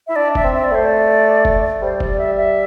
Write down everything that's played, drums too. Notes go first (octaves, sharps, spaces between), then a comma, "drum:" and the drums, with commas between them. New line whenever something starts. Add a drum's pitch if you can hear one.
E4 E5
D4 D5
E5, drum: kick F1
C4
E5
D5
A3 C5
D5
drum: kick F1
G3 C5
D5, drum: kick F1
E5
E5